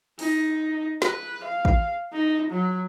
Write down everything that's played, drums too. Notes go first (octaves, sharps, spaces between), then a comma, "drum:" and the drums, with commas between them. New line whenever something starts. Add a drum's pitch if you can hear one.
D#4, drum: open hi-hat
B4, drum: snare
F5
drum: kick
D#4
F#3